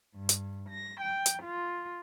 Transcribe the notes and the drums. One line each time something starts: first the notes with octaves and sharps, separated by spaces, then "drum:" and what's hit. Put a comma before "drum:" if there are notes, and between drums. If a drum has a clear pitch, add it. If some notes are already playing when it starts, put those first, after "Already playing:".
G2
drum: hi-hat
A#6
G5
drum: hi-hat
F4